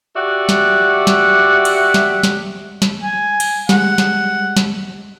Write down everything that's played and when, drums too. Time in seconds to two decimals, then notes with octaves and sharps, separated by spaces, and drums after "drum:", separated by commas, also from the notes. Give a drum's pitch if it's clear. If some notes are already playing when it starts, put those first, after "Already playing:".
0.15 F#4 G4 D5 E5 F#5
0.49 drum: snare
1.07 drum: snare
1.65 drum: cymbal
1.94 drum: snare
2.23 drum: snare
2.82 drum: snare
3.03 G#5
3.40 drum: cymbal
3.69 G3 G#3 F#5, drum: snare
3.98 drum: snare
4.57 drum: snare